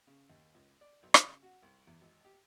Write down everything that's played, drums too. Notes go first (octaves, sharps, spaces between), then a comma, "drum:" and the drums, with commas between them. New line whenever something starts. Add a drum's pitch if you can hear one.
C#3
D#2
C#2
D5
B1
drum: rim click
C#3
F#4
C2
E2
G#1
G4